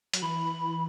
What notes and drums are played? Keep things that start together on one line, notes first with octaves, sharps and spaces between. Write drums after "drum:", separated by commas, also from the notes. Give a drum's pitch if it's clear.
F#3, drum: hi-hat
E3 B5